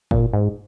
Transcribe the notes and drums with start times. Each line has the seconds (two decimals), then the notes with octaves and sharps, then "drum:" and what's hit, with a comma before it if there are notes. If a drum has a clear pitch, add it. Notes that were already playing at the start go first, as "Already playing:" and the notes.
0.11 A#2, drum: kick F#1
0.33 G#2